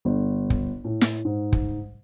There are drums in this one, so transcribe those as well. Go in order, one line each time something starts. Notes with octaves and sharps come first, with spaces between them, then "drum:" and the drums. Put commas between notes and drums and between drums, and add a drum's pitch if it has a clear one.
G1
drum: kick
A2
drum: snare
G#2
drum: kick